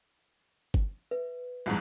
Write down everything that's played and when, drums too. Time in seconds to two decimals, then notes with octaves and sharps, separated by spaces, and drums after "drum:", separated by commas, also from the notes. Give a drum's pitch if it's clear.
0.74 drum: kick
1.11 B4 E5
1.66 C2 F2 G#2